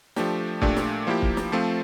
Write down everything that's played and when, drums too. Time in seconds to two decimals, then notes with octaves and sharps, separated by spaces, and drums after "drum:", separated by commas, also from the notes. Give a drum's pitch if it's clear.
0.16 F3 A3 D4 G4, drum: snare
0.62 A#2 A3 D4 G4, drum: kick
0.77 drum: snare
1.07 F3 A#3 E4 G4
1.22 drum: kick
1.37 drum: snare
1.52 F3 A3 C4 F4